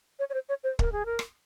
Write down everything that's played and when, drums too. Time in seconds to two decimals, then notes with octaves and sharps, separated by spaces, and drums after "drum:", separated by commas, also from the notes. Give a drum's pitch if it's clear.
0.19 C#5
0.30 C#5
0.34 C5
0.49 C#5
0.64 C5
0.79 A#4, drum: kick
0.92 G#4
1.06 A#4
1.19 drum: rim click